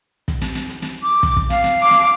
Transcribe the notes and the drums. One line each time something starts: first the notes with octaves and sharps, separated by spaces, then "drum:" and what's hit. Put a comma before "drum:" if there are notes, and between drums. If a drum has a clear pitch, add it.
drum: kick, hi-hat
drum: snare
drum: snare
drum: hi-hat
drum: snare
D6
drum: kick, hi-hat
drum: kick
F5, drum: snare
drum: snare
D6
drum: snare